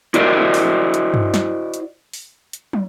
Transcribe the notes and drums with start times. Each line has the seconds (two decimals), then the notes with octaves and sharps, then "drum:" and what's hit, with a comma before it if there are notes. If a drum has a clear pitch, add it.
0.14 E4 F#4 A#4 C5 D5 D#5, drum: hi-hat
0.54 drum: open hi-hat
0.94 drum: hi-hat
1.14 drum: tom G2
1.34 drum: snare
1.74 drum: hi-hat
2.14 drum: open hi-hat
2.53 drum: hi-hat
2.73 drum: tom